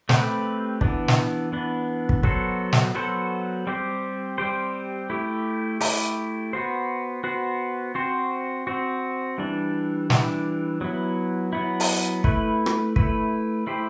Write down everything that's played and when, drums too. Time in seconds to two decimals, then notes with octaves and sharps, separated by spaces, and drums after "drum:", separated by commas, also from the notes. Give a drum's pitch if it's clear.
0.09 A3 C4 G4 B4, drum: snare
0.81 E3 B3 D4, drum: kick
1.08 drum: snare
1.52 E3 B3 D4
2.09 drum: kick
2.23 F#3 B3 F#4 A4 C5, drum: kick
2.73 drum: snare
2.95 F#3 B3 F#4 A4 C5
3.67 G3 C4 G4 C5
4.38 G3 C4 G4 C5
5.10 A3 E4 G4
5.81 A3 E4 G4, drum: open hi-hat
6.53 B3 F#4 C5
7.24 B3 F#4 C5
7.95 C4 F#4 C5
8.67 C4 F#4 C5
9.38 E3 G3 D4
10.10 E3 G3 D4, drum: snare
10.81 F#3 B3 E4
11.53 F#3 B3 E4
11.80 drum: open hi-hat
12.24 A3 E4 B4, drum: kick
12.66 drum: rim click
12.96 A3 E4 B4, drum: kick
13.67 A3 E4 G4 C5